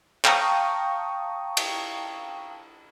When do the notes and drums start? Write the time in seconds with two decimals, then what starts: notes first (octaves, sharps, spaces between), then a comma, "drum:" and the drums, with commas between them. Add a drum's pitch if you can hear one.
0.25 F5 G5 A5 A#5 C#6 D#6, drum: clap
1.57 drum: cymbal